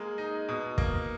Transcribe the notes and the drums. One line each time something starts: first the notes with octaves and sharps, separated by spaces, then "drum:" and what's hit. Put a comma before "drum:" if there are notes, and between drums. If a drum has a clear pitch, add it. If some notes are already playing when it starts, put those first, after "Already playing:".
Already playing: G#3 A#3
D#4
B2
A#3, drum: kick